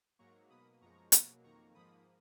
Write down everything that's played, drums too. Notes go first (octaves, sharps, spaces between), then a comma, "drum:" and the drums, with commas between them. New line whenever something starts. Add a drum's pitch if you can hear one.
G#2 F#3 A#3 A#5 C#6
B2 A#3 B5 D#6
F#2 F3 G#3 A#5 C#6
B2 F#3 A#3, drum: hi-hat
F2 D#3 A#3 A#5 C#6
G#2 F3 A#3 B5 D#6